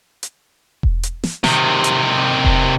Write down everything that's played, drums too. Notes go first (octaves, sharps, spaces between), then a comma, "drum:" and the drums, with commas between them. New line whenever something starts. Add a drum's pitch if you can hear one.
drum: hi-hat
drum: kick E1
drum: hi-hat
drum: snare
C3 D#3, drum: snare
drum: hi-hat
drum: kick E1